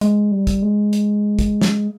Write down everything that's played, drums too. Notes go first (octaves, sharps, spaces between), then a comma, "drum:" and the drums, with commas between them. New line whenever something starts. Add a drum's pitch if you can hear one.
G#3, drum: hi-hat
G3
drum: kick, hi-hat
G#3
drum: hi-hat
drum: kick, hi-hat
drum: snare